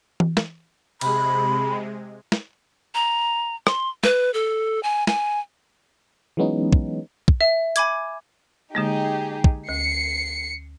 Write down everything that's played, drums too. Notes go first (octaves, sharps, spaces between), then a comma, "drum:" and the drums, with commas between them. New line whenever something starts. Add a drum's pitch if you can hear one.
drum: tom E3
drum: snare
C3 G#3 B5, drum: cymbal
drum: snare
A#5
C6, drum: rim click
B4, drum: snare
A4
G#5
G#5, drum: snare
E3 F#3 G#3 B3 C#4 D#4
drum: kick
drum: kick
E5
G#5 B5 D6 G#6, drum: hi-hat
D3 G#3 A#3 D#4 G4 G#4
drum: kick
D2 C7 C#7